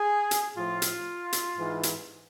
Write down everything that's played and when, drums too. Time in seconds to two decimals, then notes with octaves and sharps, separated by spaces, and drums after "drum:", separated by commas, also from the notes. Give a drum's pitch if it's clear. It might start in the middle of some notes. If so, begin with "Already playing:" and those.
Already playing: G#4
0.31 drum: hi-hat
0.56 A2 F3 F4
0.82 drum: hi-hat
1.33 drum: hi-hat
1.58 G#2 E3
1.83 drum: hi-hat